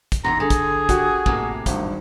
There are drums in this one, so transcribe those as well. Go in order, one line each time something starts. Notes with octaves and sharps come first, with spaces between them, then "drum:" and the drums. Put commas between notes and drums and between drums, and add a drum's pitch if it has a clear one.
drum: kick, hi-hat
E2 C3 D#4 A#5 C6
D3 G#4
drum: kick, hi-hat
F#4 G4, drum: kick, hi-hat
A2 C3 A#3, drum: kick
G#1 E2 G2, drum: kick, hi-hat